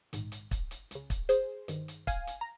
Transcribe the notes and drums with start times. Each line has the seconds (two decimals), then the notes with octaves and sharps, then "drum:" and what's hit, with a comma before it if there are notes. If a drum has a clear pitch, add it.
0.13 A#1 G#2 D#3, drum: hi-hat
0.32 drum: hi-hat
0.51 drum: kick, hi-hat
0.71 drum: hi-hat
0.91 C#2 C#3, drum: hi-hat
1.10 drum: kick, hi-hat
1.29 G#4 C5, drum: hi-hat
1.68 G1 G2 D#3, drum: hi-hat
1.88 drum: hi-hat
2.07 F5 G#5, drum: kick, hi-hat
2.27 drum: hi-hat
2.41 A#5